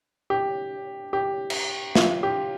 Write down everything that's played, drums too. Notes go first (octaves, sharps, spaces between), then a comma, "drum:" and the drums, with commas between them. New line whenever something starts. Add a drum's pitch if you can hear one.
G4
G4
drum: cymbal
F4, drum: snare
G4